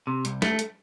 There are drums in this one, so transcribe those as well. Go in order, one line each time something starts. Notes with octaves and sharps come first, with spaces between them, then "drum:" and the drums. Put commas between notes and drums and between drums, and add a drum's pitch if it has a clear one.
C3
C2, drum: hi-hat
A3, drum: snare
drum: hi-hat